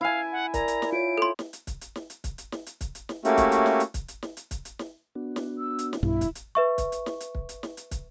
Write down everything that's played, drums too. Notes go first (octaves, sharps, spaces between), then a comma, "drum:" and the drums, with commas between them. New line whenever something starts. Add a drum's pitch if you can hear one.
E4 F5 G#5
F#5
A#4 D5 A#5, drum: kick, hi-hat
drum: hi-hat
drum: snare
F4 C#5 D7
A4 C6
drum: snare
drum: hi-hat
drum: kick, hi-hat
drum: hi-hat
drum: snare
drum: hi-hat
drum: kick, hi-hat
drum: hi-hat
drum: snare
drum: hi-hat
drum: kick, hi-hat
drum: hi-hat
drum: snare
A3 A#3 C#4 E4 F#4 G4, drum: hi-hat
drum: kick, hi-hat
drum: hi-hat
drum: snare
drum: hi-hat
drum: kick, hi-hat
drum: hi-hat
drum: snare
drum: hi-hat
drum: kick, hi-hat
drum: hi-hat
drum: snare
B3 D4 F#4
drum: snare
E6
drum: hi-hat
drum: snare
B1 G2 B2 E4
drum: kick, hi-hat
drum: hi-hat
B4 E5 C#6
drum: kick, hi-hat
drum: hi-hat
drum: snare
drum: hi-hat
drum: kick
drum: hi-hat
drum: snare
drum: hi-hat
drum: kick, hi-hat